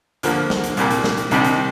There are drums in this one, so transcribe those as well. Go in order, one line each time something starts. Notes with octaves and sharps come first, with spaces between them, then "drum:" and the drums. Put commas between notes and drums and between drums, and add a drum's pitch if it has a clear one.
D2 D3 F3 A#3, drum: hi-hat
drum: snare
drum: hi-hat
C2 A#2 G3 A#3, drum: hi-hat
drum: hi-hat
drum: snare
drum: hi-hat
C2 C3 D#3 G3 D4, drum: hi-hat
drum: hi-hat